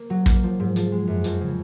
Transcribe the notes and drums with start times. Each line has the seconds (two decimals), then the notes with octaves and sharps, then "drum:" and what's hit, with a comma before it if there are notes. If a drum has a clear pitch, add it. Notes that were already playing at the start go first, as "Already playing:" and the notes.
Already playing: A#3
0.10 F#3
0.26 A#3, drum: kick, hi-hat
0.43 F3
0.60 G#2
0.76 F3, drum: hi-hat
0.92 G#3
1.07 F#2
1.24 F2, drum: hi-hat
1.41 C#3